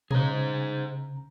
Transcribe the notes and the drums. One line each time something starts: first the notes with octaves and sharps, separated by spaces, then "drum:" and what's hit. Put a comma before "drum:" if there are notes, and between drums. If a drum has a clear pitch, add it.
C#3 G#4 C5 A#5, drum: tom A#2